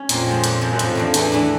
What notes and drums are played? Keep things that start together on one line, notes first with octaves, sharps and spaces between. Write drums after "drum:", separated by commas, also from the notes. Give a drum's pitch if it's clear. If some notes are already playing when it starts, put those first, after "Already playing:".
Already playing: C#4
F2 A#2, drum: hi-hat
F3 G#3
A#2, drum: hi-hat
F3 G#3
F#2
F2 A2, drum: hi-hat
E3 A3 D4
E2 A2, drum: hi-hat
E3 A3 D4